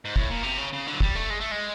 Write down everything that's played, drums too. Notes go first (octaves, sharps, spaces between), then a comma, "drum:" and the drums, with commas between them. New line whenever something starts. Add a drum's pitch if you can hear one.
G#2
A2, drum: kick
A#2
C3
C#3
C#3
D3
F#3
G3, drum: kick
A3
G#3
A3
G#3